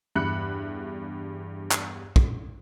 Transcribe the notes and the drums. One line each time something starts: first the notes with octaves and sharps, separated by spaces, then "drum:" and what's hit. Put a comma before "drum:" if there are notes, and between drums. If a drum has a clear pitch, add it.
E2 G2 E5 B5 F#6 C#7
drum: clap
drum: kick